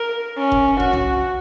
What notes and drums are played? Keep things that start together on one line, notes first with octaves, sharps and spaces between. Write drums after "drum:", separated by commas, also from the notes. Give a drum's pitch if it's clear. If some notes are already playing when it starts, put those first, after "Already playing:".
Already playing: A#4
C#4
drum: kick F#1
F#4, drum: kick F#1
drum: tom B1